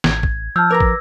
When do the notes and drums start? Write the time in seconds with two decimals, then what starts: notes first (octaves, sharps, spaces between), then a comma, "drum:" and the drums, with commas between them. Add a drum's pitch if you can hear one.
0.04 A1 G#6, drum: snare
0.23 drum: kick
0.56 F3 A5 E6 F6 G6
0.71 A#4 B4 A#5 D6 A#6
0.80 drum: kick